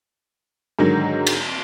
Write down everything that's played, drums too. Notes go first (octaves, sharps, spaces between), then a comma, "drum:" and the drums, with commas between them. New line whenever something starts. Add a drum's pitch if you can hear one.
G#2 D3 D#3 F#3
drum: cymbal